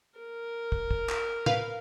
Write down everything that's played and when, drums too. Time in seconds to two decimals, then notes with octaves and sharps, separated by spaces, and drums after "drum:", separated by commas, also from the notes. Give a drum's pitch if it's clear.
0.19 A#4
0.72 drum: kick
0.91 drum: kick
1.09 drum: clap
1.46 B4 F5, drum: tom A2